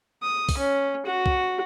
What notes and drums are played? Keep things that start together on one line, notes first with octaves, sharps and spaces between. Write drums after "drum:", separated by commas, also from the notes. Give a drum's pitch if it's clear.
D#6
drum: kick, open hi-hat
C#4
F#4
drum: kick